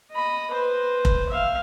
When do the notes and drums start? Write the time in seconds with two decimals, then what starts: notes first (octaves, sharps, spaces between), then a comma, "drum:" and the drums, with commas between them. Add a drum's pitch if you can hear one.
0.12 D#5 B5
0.51 B4 C5
1.05 drum: kick F1
1.29 E5 F5